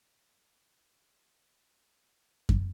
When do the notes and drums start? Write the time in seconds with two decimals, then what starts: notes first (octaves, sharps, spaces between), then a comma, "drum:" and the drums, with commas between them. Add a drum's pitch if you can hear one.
0.98 A#3 C6
2.49 drum: kick F#2